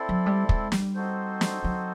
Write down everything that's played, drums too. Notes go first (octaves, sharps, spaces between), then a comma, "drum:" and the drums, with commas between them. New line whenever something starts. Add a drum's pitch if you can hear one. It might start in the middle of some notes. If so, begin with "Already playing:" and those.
Already playing: C4 E4 A4 D5
F#3
G3
G#3, drum: kick
G3, drum: snare
C4 D#4 F#4 A4 C5
drum: snare
F#3